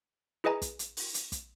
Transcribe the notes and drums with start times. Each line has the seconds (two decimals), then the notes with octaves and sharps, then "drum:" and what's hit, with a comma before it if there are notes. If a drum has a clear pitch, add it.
0.44 E4 G#4 B4 D#5 G#5 A#5
0.62 drum: kick, hi-hat
0.79 drum: hi-hat
0.97 drum: open hi-hat
1.14 drum: hi-hat
1.32 drum: kick, hi-hat